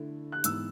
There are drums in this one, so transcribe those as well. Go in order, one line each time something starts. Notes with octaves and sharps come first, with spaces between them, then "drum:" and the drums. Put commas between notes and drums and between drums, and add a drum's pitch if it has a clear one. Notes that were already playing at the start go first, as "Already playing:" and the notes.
Already playing: D3 A3 E4
F#6
G#2 E3 B3 E6, drum: hi-hat